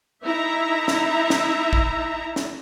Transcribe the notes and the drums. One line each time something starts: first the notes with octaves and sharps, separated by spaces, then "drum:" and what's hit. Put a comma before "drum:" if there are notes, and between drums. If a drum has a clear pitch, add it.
D#4 E4 E5 A#5
drum: snare
drum: snare
drum: kick A#1
drum: snare